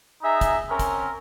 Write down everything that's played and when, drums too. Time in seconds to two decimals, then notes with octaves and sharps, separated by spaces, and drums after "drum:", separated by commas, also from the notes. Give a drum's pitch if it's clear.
0.22 D#4 G#4 E5 A#5
0.41 drum: kick, hi-hat
0.70 C4 C#4 A#4
0.79 drum: kick, hi-hat